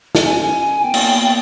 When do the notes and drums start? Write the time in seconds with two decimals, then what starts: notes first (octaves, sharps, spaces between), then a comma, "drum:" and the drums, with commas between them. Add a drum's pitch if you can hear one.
0.15 drum: snare
0.25 C#4 G#5
0.84 B3 G5
0.94 A#3, drum: cymbal
1.04 A#3